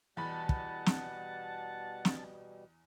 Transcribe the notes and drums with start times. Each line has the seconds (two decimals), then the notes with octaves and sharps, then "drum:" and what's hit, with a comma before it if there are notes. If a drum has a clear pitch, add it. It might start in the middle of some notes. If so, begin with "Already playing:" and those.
0.17 E2 B2 G3 F#5 A5 B5
0.49 drum: kick
0.86 drum: snare
2.05 drum: snare